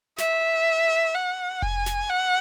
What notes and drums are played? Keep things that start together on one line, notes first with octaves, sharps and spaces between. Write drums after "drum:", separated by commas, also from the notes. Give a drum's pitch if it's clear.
E5, drum: snare
F#5
G#5, drum: kick F1
drum: snare
F#5